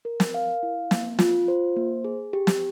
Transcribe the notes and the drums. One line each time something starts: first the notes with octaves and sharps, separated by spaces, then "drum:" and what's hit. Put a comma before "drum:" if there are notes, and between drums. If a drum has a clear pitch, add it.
A#4
drum: snare
F5
E4
A#3, drum: snare
F4, drum: snare
C5
A#3
G#4
G4
drum: snare